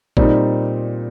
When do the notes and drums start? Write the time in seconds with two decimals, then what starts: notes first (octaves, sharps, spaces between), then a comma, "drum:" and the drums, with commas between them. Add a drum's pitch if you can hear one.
0.17 A#2 G3 C4 D#4, drum: kick A1